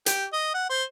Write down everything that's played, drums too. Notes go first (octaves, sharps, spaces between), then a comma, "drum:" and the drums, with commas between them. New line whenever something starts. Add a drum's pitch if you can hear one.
G4, drum: hi-hat
D#5
F#5
C5